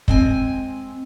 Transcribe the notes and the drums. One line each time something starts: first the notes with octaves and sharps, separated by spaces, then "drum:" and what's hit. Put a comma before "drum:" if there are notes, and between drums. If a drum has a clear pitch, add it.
G#3 C4 G#5, drum: kick